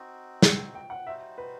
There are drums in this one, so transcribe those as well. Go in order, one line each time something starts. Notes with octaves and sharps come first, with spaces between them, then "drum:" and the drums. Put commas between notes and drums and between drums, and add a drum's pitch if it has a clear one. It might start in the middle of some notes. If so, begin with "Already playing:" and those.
Already playing: C4 D#4 F#4
G5, drum: snare
G5
G5
F#5
G3 D#4 F#4 C5 E5
B4